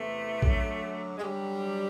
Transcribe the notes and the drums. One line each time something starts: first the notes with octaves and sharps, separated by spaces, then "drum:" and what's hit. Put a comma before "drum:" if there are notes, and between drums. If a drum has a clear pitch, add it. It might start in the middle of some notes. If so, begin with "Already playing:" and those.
Already playing: E2 C3 E3 A3
F#2 D3 F#3, drum: kick
G#3
F#2 D3 F#3 G3